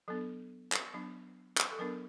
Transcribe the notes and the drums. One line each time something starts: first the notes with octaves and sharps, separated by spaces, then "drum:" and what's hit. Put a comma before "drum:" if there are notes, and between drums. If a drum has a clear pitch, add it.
F#3 B3 D4 A4
drum: clap
F#3 B3 D4
drum: clap
A4
F#3 B3 D4 A#4